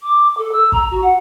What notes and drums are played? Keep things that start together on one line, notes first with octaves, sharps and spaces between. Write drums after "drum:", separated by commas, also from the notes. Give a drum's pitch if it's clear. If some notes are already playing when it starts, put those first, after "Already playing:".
D6
A4
E6
A#5, drum: kick
F#4
F#5